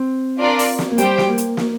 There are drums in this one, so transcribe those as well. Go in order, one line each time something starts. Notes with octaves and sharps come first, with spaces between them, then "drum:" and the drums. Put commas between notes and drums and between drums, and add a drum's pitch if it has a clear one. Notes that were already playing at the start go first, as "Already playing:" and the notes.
Already playing: C4
D4 F4 A#4 D5
drum: open hi-hat
drum: snare
A#3
G3 G4 C5 G5, drum: hi-hat
drum: snare
A#3
drum: hi-hat
A#3, drum: snare